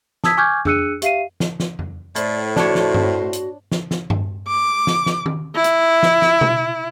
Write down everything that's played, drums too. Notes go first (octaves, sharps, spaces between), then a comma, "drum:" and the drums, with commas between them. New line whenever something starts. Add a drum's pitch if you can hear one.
A5 D#6 E6 G#6 B6, drum: snare
G#5 C#6 D6 F6 G6 G#6
D4 G#4 E6 F#6 C#7 D#7, drum: tom F2
G4 E5 F5 C7 D#7, drum: hi-hat
drum: snare
drum: snare
drum: tom F2
A2 C5 D5, drum: hi-hat
D4 F#4 C#5, drum: snare
drum: snare
drum: tom G2
drum: hi-hat
drum: snare
drum: snare
drum: tom G2
D6
drum: snare
drum: snare
drum: tom D#3
E4
drum: hi-hat
drum: snare
drum: snare
drum: tom B2